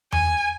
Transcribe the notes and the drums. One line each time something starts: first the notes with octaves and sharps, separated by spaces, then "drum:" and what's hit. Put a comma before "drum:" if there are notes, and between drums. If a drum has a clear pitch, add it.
G#5, drum: tom E2